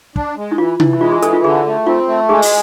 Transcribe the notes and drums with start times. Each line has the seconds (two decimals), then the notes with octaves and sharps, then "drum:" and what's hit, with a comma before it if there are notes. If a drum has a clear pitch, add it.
0.16 D4, drum: kick
0.37 G#3
0.52 E4
0.58 E3 F4
0.80 E3 E4, drum: tom C3
0.93 E4
1.00 G#3 F4
1.12 G#4
1.22 E3 A4, drum: hi-hat
1.33 F4
1.44 D3 G#4
1.66 A3
1.87 C4 F4
2.08 A3
2.29 G#3 G#4
2.42 drum: open hi-hat